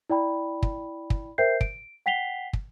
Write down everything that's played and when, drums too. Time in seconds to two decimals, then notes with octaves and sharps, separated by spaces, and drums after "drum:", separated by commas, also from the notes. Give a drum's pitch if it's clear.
0.10 E4 D5 G5 B5
0.63 drum: kick
1.10 drum: kick
1.38 A#4 C5 E5 G5 G6 C7
1.61 D7, drum: kick
2.06 F#5 G5 B6 C7 F7 G7
2.53 drum: kick